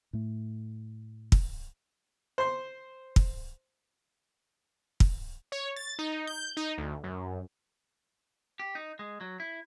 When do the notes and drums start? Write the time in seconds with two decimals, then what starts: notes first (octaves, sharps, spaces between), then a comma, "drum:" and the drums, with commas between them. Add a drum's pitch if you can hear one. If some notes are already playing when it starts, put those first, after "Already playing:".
0.13 A2 A3
1.32 drum: kick
2.38 C5 C6
3.16 drum: kick
5.00 drum: kick
5.52 C#5
5.76 A6
5.99 D#4
6.27 G6
6.57 D#4
6.78 D2
7.04 F#2
8.60 G4
8.75 D#4
8.99 G#3
9.21 F#3
9.40 E4